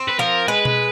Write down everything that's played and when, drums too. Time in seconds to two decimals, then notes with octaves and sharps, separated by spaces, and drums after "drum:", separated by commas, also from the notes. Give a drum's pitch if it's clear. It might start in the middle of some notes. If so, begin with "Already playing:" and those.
Already playing: C4
0.08 B4
0.19 F3 A#4
0.48 G#3 B4
0.65 drum: tom B2